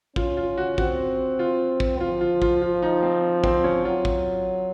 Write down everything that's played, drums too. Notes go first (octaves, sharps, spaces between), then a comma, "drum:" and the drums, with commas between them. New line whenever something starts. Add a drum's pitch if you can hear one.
C#4 F4, drum: kick
F4
F#4
C4 F#4, drum: kick
F4
drum: kick
F3 F4
F4
F4, drum: kick
F4
D#4
C4
C4, drum: kick
C#4
F#3 F4
drum: kick